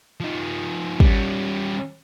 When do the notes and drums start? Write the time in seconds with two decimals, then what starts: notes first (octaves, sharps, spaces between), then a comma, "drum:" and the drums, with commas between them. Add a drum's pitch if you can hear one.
0.20 F3 D#4
1.00 G3 C#4, drum: kick